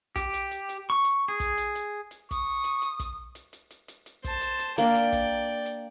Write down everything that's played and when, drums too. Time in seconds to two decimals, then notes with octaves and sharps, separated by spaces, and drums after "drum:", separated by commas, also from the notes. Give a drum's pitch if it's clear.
0.16 G4, drum: kick, hi-hat
0.33 drum: hi-hat
0.51 drum: hi-hat
0.69 drum: hi-hat
0.90 C#6
1.04 drum: hi-hat
1.28 G#4
1.40 drum: kick, hi-hat
1.58 drum: hi-hat
1.75 drum: hi-hat
2.11 drum: hi-hat
2.31 C#6 D#6, drum: kick, hi-hat
2.64 drum: hi-hat
2.82 drum: hi-hat
2.99 drum: kick, hi-hat
3.35 drum: hi-hat
3.53 drum: hi-hat
3.70 drum: hi-hat
3.88 drum: hi-hat
4.06 drum: hi-hat
4.24 C5 A5, drum: kick, hi-hat
4.41 drum: hi-hat
4.59 drum: hi-hat
4.78 A#3 D4 D5 G5
4.95 drum: hi-hat
5.12 drum: kick, hi-hat
5.66 drum: hi-hat